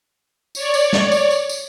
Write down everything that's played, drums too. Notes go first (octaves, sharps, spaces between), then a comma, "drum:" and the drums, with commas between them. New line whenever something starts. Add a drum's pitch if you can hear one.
C#5 D5, drum: tambourine
drum: tambourine
drum: snare
drum: tambourine
drum: tambourine
drum: tambourine